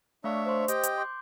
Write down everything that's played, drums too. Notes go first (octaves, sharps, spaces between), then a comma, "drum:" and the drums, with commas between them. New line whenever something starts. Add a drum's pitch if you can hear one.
A3 D4 C#5 E5 F5 C#6
C5 C6
G4 D#5 G5, drum: hi-hat
drum: hi-hat
C6 D6 G6